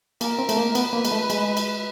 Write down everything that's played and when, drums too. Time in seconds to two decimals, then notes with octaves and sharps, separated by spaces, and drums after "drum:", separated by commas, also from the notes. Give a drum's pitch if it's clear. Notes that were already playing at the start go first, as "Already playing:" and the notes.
0.21 A#3 A#4, drum: cymbal
0.39 C4
0.49 A3, drum: cymbal
0.57 A#3
0.75 B3 B4, drum: cymbal
0.93 A#3
1.05 G#3, drum: cymbal
1.11 A3
1.30 G#3, drum: cymbal
1.57 drum: cymbal